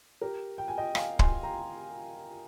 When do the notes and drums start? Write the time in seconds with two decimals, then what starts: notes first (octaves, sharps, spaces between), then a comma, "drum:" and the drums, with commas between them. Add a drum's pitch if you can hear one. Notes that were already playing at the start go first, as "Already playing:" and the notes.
0.21 G4 A#4
0.58 G5
0.68 G#5
0.78 D#5 G5
0.95 F5 G#5, drum: rim click
1.19 G#5 C6, drum: kick
1.43 G5 A#5